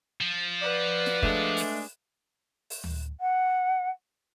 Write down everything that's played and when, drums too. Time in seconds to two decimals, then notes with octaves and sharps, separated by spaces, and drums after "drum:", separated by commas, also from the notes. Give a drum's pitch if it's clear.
0.21 F3
0.62 B4 D5 F#5
1.06 drum: snare
1.23 G#3 A3 D4, drum: kick
1.57 drum: open hi-hat
2.70 drum: open hi-hat
2.84 drum: tom D2
3.20 F#5